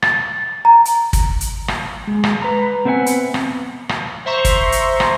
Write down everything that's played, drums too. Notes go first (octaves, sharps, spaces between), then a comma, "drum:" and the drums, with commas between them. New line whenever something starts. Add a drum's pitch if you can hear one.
A6, drum: rim click
A#5
drum: hi-hat
drum: kick, hi-hat
drum: hi-hat
drum: rim click
G#3
drum: rim click
B4 A#5
B3 C4 B4 E5 F#5 G#5
drum: hi-hat
drum: rim click
drum: rim click
C5 E5 A#5 C6 C#6
drum: kick, hi-hat
drum: hi-hat
drum: rim click